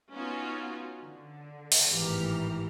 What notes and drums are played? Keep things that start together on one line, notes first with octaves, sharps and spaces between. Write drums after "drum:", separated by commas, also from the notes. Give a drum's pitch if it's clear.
B3 C#4 D#4 F4 F#4
D3
drum: open hi-hat
G#1 A2 E3 G4 A#5 F6